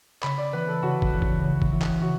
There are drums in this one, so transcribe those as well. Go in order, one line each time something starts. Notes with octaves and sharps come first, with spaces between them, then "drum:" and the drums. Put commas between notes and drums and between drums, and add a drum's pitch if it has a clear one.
C#3 B5, drum: clap
D5
E3 B3 B4
A4
C#3 F#4
drum: kick
E3 B3
drum: kick
C#3
drum: kick
E3 B3
drum: clap
C#3 F#4